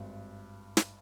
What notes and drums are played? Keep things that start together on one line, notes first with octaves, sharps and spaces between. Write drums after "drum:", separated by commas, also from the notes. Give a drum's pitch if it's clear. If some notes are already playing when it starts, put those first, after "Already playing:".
Already playing: G#1 G2
drum: snare